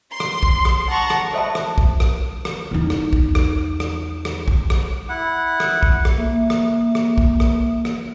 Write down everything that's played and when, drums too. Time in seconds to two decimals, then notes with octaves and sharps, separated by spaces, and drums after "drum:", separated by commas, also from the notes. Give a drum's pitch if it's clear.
0.11 C6
0.20 drum: rim click
0.43 drum: kick
0.65 drum: rim click
0.88 F#5 A5 A#5 C#6
1.10 drum: rim click
1.33 A4 C5 E5 A5 B5
1.55 drum: rim click
1.78 drum: kick
2.00 drum: rim click
2.45 drum: rim click
2.71 E2 D#4
2.90 drum: rim click
3.13 drum: kick
3.35 drum: rim click
3.80 drum: rim click
4.25 drum: rim click
4.48 drum: kick
4.70 drum: rim click
5.09 E4 F#5
5.60 drum: rim click
5.83 drum: kick
6.05 drum: rim click
6.17 A#3 E5
6.50 drum: rim click
6.95 drum: rim click
7.18 drum: kick
7.40 drum: rim click
7.85 drum: rim click